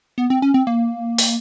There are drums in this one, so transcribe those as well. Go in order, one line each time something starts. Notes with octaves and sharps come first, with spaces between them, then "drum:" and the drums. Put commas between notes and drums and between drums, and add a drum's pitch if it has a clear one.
B3
C4
C#4
C4
A#3
drum: open hi-hat